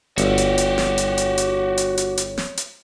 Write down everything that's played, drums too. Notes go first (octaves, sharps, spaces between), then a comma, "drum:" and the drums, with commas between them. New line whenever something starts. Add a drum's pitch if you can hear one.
G1 F#4 G4 C#5, drum: hi-hat
drum: hi-hat
drum: hi-hat
drum: snare
drum: hi-hat
drum: hi-hat
drum: hi-hat
drum: hi-hat
drum: hi-hat
drum: hi-hat
drum: snare
drum: hi-hat